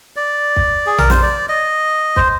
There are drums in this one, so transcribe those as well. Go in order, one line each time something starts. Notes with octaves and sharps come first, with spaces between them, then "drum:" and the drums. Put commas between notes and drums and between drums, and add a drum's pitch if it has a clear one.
D5
drum: kick
G#4
A#4, drum: tom A#1
C5, drum: snare
D5
D#5
C5, drum: kick